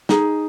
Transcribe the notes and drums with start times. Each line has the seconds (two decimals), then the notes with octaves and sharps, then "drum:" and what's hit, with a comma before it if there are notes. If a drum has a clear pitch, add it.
0.09 D#4 G#4, drum: snare